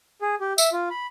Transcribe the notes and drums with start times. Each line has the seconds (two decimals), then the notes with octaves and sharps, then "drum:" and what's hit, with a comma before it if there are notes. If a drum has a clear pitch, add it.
0.22 G#4
0.41 G4
0.58 E5, drum: tambourine
0.72 F4
0.91 B5